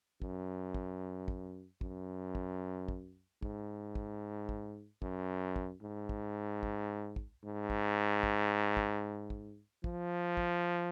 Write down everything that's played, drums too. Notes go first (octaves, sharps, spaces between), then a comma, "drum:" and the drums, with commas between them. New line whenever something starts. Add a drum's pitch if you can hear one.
F#2, drum: kick
drum: kick
drum: kick
F#2, drum: kick
drum: kick
drum: kick
G#2, drum: kick
drum: kick
drum: kick
F#2, drum: kick
drum: kick
G#2
drum: kick
drum: kick
drum: kick
G#2
drum: kick
drum: kick
drum: kick
drum: kick
F3, drum: kick
drum: kick